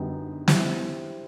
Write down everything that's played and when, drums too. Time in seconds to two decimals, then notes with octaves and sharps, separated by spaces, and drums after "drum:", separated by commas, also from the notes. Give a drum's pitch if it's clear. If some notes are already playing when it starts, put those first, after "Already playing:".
Already playing: F#2 D3 G3 B3 D#4
0.48 G3 C4 E4 G4, drum: snare